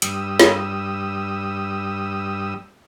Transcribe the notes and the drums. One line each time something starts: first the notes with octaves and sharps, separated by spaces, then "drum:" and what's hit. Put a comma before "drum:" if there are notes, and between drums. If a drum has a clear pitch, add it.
G2 G3 D#6 E6, drum: hi-hat
drum: snare